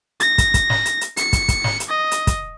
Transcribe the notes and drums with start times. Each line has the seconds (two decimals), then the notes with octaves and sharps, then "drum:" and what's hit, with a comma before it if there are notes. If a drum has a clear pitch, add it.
0.20 A#6, drum: hi-hat
0.38 drum: kick, hi-hat
0.54 drum: kick, hi-hat
0.70 drum: snare
0.86 drum: hi-hat
1.01 drum: hi-hat
1.17 C#7, drum: hi-hat
1.33 drum: kick, hi-hat
1.48 drum: kick, hi-hat
1.64 drum: snare
1.80 drum: hi-hat
1.89 D#5
2.11 drum: hi-hat
2.27 drum: kick, hi-hat